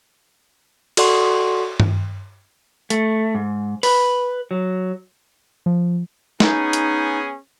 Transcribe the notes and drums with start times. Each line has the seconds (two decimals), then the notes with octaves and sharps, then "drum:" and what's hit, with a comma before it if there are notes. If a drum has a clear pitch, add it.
0.97 F#4 A4 D5 F#5 C6 C#6, drum: cymbal
1.80 drum: tom G2
2.90 A3, drum: hi-hat
3.35 G#2
3.83 B4, drum: open hi-hat
4.51 F#3
5.66 F3
6.40 B3 C#4 D#4 G#4, drum: snare
6.73 drum: hi-hat